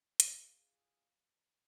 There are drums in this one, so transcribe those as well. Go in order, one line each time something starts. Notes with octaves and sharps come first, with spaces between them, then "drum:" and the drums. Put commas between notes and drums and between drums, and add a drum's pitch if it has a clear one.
F4 G#4, drum: hi-hat